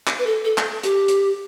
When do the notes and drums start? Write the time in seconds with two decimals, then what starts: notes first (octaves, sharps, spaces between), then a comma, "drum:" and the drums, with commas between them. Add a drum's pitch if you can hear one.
0.07 drum: clap
0.19 B4
0.26 A4
0.45 A4
0.58 drum: clap
0.83 G4, drum: hi-hat
1.08 drum: hi-hat